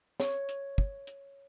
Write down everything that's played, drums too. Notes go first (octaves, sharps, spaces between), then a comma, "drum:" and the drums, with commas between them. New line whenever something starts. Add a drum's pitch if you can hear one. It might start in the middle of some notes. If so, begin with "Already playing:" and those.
C#5, drum: snare
drum: hi-hat
drum: kick
drum: hi-hat